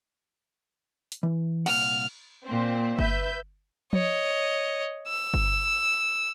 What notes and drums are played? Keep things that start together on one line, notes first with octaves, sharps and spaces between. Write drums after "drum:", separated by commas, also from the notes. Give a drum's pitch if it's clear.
drum: hi-hat
E3
C2 A#2 F#5 F6, drum: cymbal
A#2 C4
B4 E5 G6, drum: kick G1
C#5 D#5, drum: tom F3
E6
drum: kick G1